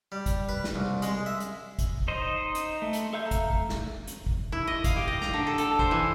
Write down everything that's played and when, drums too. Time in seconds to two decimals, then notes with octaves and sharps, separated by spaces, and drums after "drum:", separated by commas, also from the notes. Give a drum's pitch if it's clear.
0.12 G3
0.26 drum: kick, hi-hat
0.49 B4
0.64 drum: snare
0.76 C2
1.02 G#3, drum: hi-hat
1.26 E5
1.40 drum: hi-hat
1.79 drum: kick, hi-hat
1.98 drum: kick
2.08 D#4 C5 D#5
2.55 drum: hi-hat
2.82 A3
2.93 drum: hi-hat
3.13 A4 E5 F5 A#5 G6
3.31 drum: kick, hi-hat
3.50 drum: kick
3.69 drum: snare
4.07 drum: hi-hat
4.27 drum: kick
4.52 E4
4.67 D#5
4.84 F5, drum: kick, hi-hat
4.96 G4
5.08 D#5
5.22 A#5, drum: snare
5.34 D3
5.47 A4
5.58 A4, drum: hi-hat
5.79 C5, drum: kick
5.91 E3